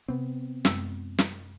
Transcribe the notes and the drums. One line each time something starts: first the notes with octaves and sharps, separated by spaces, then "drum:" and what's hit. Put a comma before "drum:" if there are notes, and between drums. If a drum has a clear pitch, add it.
C3 B3 C4
F#2 G#3 E6, drum: snare
drum: snare